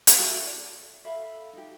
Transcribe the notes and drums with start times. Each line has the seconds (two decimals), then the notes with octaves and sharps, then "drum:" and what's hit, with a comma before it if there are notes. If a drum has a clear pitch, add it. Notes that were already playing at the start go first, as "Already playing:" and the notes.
0.07 drum: hi-hat
0.18 E4 F#4 A4 G5
0.47 D5
1.05 A4 E5 F5 B5
1.53 D#4 G4